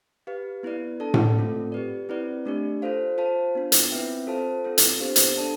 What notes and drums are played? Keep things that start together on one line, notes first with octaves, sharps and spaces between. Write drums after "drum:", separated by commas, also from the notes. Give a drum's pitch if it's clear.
G4 B4 F5
B3 E4 B4 D5
D4 A4 D5 A5
drum: tom A2
A3 C4 F4 A4
G4 B4 D5
C4 E4 B4 D5
A3 D4 G4 D5
F4 A4 C5 F5
F4 C5 F5 A5
B3 D4 F4
drum: hi-hat
C4 E4 B4 E5 G5
F4 A4 C5 F5 A5
C4 F4 A4
drum: hi-hat
B3 D4 G4 C5 F5
drum: hi-hat
D4 A4 D5 A5